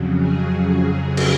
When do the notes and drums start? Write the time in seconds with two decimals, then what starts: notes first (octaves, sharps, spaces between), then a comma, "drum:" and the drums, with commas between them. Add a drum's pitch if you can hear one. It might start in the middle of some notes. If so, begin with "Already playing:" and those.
Already playing: F2 C#3 F#3
0.16 G#4
1.17 drum: cymbal